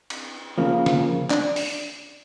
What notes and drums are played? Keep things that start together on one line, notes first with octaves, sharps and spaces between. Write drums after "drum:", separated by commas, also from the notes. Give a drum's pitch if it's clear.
drum: cymbal
C#3 F3 A#3
drum: snare
D4, drum: clap
drum: open hi-hat